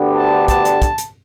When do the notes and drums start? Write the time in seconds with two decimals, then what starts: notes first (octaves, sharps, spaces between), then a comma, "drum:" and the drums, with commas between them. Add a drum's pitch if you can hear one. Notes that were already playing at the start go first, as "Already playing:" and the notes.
Already playing: D2 D3 B3 D4 G4
0.17 A5
0.48 A5, drum: kick, hi-hat
0.65 drum: hi-hat
0.82 drum: kick, hi-hat
0.98 drum: hi-hat